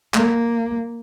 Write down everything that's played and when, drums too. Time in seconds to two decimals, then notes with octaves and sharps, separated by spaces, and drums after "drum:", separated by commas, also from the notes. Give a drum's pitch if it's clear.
0.14 A#3, drum: clap